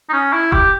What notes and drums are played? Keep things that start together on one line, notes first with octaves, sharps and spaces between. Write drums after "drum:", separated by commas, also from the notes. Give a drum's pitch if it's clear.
D#4
C#4
E4
G4, drum: kick F1